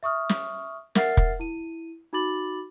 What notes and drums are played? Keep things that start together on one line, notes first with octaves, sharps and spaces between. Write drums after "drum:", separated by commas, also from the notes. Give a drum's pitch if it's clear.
E5 C#6 D#6 F6
drum: snare
A#4 E5 F#5 F6 A6 C7, drum: snare
drum: kick
E4 D#7
D#4 F#4 B5 D6 A6 F#7